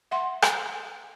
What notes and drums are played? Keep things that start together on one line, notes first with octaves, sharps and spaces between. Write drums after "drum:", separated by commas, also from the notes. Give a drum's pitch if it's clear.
E5 F#5 C6
drum: rim click